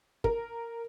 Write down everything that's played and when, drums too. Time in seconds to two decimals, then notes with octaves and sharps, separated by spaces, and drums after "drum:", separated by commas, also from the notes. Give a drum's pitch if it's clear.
0.24 A#4, drum: kick